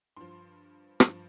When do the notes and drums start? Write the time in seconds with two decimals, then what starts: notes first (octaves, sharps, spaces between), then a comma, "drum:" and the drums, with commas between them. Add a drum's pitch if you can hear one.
0.17 G2 F3 C6
1.00 G2 F3, drum: rim click